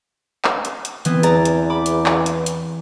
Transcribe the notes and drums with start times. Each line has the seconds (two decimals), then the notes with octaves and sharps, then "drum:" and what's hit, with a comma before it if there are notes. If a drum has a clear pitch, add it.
0.44 drum: clap
0.65 drum: hi-hat
0.85 drum: hi-hat
1.05 E3 B3 C4, drum: hi-hat
1.23 E2 D5 A#5 A6, drum: hi-hat
1.45 drum: hi-hat
1.70 B5 D6
1.86 drum: hi-hat
2.06 drum: clap
2.26 drum: hi-hat
2.46 drum: hi-hat